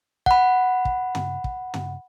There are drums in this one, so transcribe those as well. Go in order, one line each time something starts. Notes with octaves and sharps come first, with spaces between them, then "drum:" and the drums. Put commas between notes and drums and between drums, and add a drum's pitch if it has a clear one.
F#5 B5, drum: kick
drum: kick
drum: tom
drum: kick
drum: tom